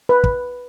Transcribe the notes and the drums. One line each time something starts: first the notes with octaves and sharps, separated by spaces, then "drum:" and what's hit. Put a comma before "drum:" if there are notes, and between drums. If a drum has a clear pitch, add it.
B4
drum: kick